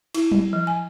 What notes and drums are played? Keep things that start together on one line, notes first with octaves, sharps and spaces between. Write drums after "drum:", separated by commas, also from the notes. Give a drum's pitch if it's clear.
E4, drum: cymbal
drum: tom F#3
F3
G#5